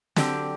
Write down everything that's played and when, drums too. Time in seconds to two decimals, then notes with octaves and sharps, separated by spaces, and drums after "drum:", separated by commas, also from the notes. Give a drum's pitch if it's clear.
0.16 D3 F#3 C4 G4 D5, drum: snare